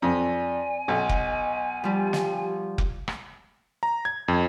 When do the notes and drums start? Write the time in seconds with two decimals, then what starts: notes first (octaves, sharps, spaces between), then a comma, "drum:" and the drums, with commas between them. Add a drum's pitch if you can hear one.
0.02 F2 D5 G#5
0.88 B1 D#5
1.09 drum: kick F1
1.84 F3 G3 G4
2.13 drum: snare
2.78 drum: kick F1
3.08 drum: rim click
3.83 A#5
4.05 G#6
4.28 F2